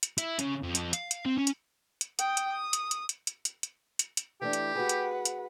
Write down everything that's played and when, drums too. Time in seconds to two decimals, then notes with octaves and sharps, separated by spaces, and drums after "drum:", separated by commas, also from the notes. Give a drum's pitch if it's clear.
0.03 drum: hi-hat
0.18 E4, drum: hi-hat
0.39 C#3, drum: hi-hat
0.63 F2
0.75 drum: hi-hat
0.93 F5, drum: hi-hat
1.11 drum: hi-hat
1.26 C4
1.38 C#4
1.47 drum: hi-hat
2.01 drum: hi-hat
2.19 G5 D#6, drum: hi-hat
2.37 drum: hi-hat
2.52 D#6
2.73 drum: hi-hat
2.91 drum: hi-hat
3.09 drum: hi-hat
3.27 drum: hi-hat
3.45 drum: hi-hat
3.63 drum: hi-hat
3.99 drum: hi-hat
4.17 drum: hi-hat
4.42 E3 A3 D4 G4
4.53 drum: hi-hat
4.75 F#4 G#4 B4 F#5
4.89 drum: hi-hat
5.25 drum: hi-hat